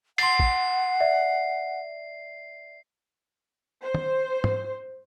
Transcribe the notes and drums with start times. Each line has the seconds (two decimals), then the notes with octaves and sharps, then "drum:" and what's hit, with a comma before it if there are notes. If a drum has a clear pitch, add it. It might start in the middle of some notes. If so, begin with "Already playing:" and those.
0.18 F#5 C6 A6 C7, drum: cymbal
0.39 drum: kick
1.00 D5 E5
3.83 C5
3.94 drum: tom
4.44 drum: tom